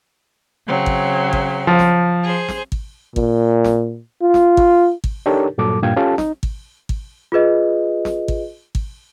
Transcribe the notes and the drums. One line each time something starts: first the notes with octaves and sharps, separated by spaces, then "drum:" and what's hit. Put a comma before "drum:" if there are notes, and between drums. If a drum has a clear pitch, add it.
C#3 F#3 C4
drum: kick G#1
drum: kick G#1
F3
drum: snare
G#4 C5
drum: snare
drum: kick G#1
A#2, drum: kick G#1
drum: snare
F4
drum: snare
drum: kick G#1
drum: kick G#1
D4 D#4 G4 A4 A#4 C#5
G2 A#2 F#3 A4 D6
G2 A#2 F5 G5 G#6
C#4 F4 G4 A4 F5 A5
D#4, drum: snare
drum: kick G#1
drum: kick G#1
F4 G#4 B4 D#5
drum: snare
drum: kick G#1
drum: kick G#1